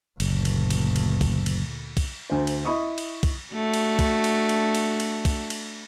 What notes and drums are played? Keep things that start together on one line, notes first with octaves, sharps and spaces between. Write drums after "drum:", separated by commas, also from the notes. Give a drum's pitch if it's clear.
F#1 D2 A#2, drum: cymbal
drum: cymbal
drum: cymbal
drum: cymbal
drum: kick, cymbal
drum: cymbal
drum: kick, cymbal
D2 C5
drum: cymbal
E4 D#5 B5 C#6 D#6
drum: cymbal
drum: kick, cymbal
A3 D4 F#4
drum: cymbal
drum: kick, cymbal
drum: cymbal
drum: cymbal
drum: cymbal
drum: cymbal
drum: kick, cymbal
drum: cymbal